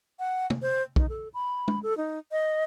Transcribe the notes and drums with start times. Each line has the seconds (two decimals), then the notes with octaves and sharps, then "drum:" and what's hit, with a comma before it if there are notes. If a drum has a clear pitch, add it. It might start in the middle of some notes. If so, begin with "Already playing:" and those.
0.19 F#5
0.50 drum: tom
0.62 C5
0.96 D#4, drum: kick
1.09 A4
1.34 B5
1.68 drum: tom
1.83 A4
1.97 D#4
2.32 D#5